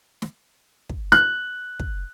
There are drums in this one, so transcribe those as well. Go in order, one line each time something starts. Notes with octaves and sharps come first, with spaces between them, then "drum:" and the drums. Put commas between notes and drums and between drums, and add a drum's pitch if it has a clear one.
drum: snare
drum: kick
F#6, drum: snare
drum: kick